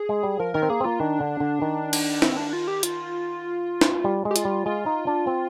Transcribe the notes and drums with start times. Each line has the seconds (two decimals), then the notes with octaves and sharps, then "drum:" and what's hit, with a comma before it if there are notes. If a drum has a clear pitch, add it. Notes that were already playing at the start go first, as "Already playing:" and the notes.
Already playing: G#4
0.09 G#3
0.23 G3
0.40 F3 A#4
0.54 D#3 A#4
0.62 C4
0.69 A#3 G#4
0.80 C4
0.84 A#3 F4
1.00 D#3 D4
1.20 D3
1.40 D3
1.62 D#3
1.93 drum: cymbal
2.22 C4, drum: snare
2.37 D4
2.53 F4
2.68 G4
2.83 F4, drum: hi-hat
3.81 drum: snare
4.04 G3
4.25 G#3
4.31 G4
4.36 F4, drum: hi-hat
4.45 G3
4.66 G#3 F4
4.86 D#4
5.07 D4
5.27 C4